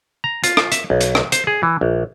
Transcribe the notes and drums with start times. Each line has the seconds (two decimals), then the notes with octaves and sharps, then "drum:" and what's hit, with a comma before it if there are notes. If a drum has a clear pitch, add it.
0.24 A#5
0.44 F4, drum: hi-hat
0.57 drum: rim click
0.72 E5, drum: hi-hat
0.90 B1
1.01 drum: hi-hat
1.15 drum: rim click
1.32 C5, drum: hi-hat
1.47 G#4
1.63 E3
1.81 A#1